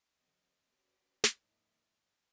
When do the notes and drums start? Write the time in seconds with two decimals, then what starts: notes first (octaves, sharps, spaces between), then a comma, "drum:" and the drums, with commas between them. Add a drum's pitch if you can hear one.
0.17 D3 F#3 C4 F#4 D#5
0.69 C#4 F#4 G4 B4 D5
1.24 drum: snare
1.38 G#2 F3 A#3 D4 E4 D#5